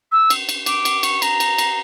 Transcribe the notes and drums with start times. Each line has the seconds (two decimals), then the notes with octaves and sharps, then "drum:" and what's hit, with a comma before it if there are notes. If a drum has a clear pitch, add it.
0.12 E6
0.30 drum: cymbal
0.49 drum: cymbal
0.66 D6, drum: cymbal
0.85 drum: cymbal
1.03 C#6, drum: cymbal
1.22 A#5, drum: cymbal
1.40 drum: cymbal
1.58 drum: cymbal